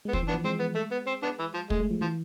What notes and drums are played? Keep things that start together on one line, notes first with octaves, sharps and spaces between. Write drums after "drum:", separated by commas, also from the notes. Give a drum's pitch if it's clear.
G#3
B3
F3 C4, drum: kick
E3
B3 D4
F3
G#3 C4
B3
A3
B3
C4
B3 D4
E3
F3
G#3 A3, drum: kick
G#3
F3
E3 F3